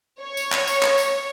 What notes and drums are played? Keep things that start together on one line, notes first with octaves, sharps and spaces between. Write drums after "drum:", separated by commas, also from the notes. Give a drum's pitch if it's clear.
C#5
drum: tambourine
drum: clap
drum: tambourine
drum: clap
drum: tambourine